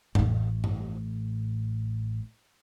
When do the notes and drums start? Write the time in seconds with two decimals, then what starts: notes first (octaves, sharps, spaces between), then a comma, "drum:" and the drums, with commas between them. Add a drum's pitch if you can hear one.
0.15 A1 A2, drum: tom F2
0.64 drum: tom G2